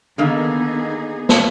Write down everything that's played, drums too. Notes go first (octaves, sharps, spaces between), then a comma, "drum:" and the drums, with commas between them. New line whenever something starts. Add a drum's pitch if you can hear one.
D3 D#3 A#3 B3 D#4 G#4
drum: snare